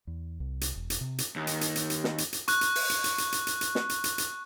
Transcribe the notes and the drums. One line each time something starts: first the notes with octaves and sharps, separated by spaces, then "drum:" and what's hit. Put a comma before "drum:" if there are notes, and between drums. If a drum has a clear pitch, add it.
E2
C2
drum: hi-hat
E1
drum: hi-hat
C3
drum: hi-hat
D#2
drum: hi-hat
drum: hi-hat
drum: hi-hat
drum: hi-hat
drum: snare
drum: hi-hat
drum: hi-hat
C#6 F#6, drum: hi-hat
drum: hi-hat
drum: open hi-hat
drum: hi-hat
drum: hi-hat
drum: hi-hat
drum: hi-hat
drum: hi-hat
drum: hi-hat
drum: snare
drum: hi-hat
drum: hi-hat
drum: hi-hat